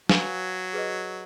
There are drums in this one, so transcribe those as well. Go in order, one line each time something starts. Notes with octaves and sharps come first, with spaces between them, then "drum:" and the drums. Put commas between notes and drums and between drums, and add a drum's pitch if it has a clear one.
F#3 B4 F5 G#5, drum: snare
G#4 B4 D#5